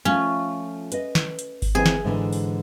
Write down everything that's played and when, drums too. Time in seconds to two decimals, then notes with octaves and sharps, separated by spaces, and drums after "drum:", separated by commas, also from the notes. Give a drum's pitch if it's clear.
0.05 F3 A3 C#4 F4
0.92 B4 D#5, drum: hi-hat
1.15 drum: snare
1.39 drum: hi-hat
1.62 drum: kick G1, open hi-hat
1.75 E3 C4 G#4
1.86 drum: snare
2.04 G#2 D3 E3
2.33 drum: open hi-hat